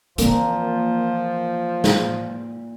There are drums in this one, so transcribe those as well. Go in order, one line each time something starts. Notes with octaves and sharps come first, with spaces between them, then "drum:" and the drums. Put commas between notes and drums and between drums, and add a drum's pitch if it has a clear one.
A#2 E3 F3 A#3 C4, drum: hi-hat
drum: snare